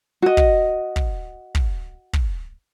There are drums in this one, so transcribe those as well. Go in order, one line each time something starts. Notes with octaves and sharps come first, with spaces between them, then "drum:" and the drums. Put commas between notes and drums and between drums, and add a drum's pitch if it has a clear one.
F#4 D#5
drum: kick
drum: kick
drum: kick
drum: kick